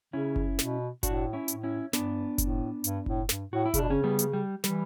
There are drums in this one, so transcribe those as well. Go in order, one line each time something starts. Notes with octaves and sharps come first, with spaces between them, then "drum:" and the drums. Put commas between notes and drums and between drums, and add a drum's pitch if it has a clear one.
C#3 C#4 E4
drum: kick F#1
B2, drum: snare
A2 D4 F#4, drum: kick F#1, hi-hat
C#4 E4
A2, drum: hi-hat
C#4 E4
G2 B3 D4, drum: snare
A2, drum: kick F#1, hi-hat
G2, drum: hi-hat
A2, drum: kick F#1
G2, drum: snare
A2 F#4
E4
C#3, drum: kick F#1, hi-hat
B2 D4
C#3 C#4
G3 B3
drum: hi-hat
G3
E3 G3, drum: snare